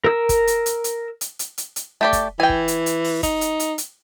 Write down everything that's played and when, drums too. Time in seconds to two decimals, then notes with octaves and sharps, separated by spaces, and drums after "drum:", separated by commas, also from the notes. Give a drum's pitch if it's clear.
0.04 A#4 E6
0.29 drum: kick, hi-hat
0.47 drum: hi-hat
0.66 drum: hi-hat
0.84 drum: hi-hat
1.21 drum: hi-hat
1.39 drum: hi-hat
1.58 drum: hi-hat
1.76 drum: hi-hat
2.01 A3 G4 D5
2.13 drum: kick, hi-hat
2.40 E3 G5 G#5
2.49 drum: kick
2.68 drum: hi-hat
2.86 drum: hi-hat
3.04 drum: open hi-hat
3.23 D#4, drum: kick, hi-hat
3.41 drum: hi-hat
3.60 drum: hi-hat
3.78 drum: hi-hat